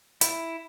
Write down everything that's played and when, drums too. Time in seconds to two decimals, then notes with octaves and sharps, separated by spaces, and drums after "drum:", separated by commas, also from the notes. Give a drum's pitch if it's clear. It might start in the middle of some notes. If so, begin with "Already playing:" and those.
0.21 E4, drum: hi-hat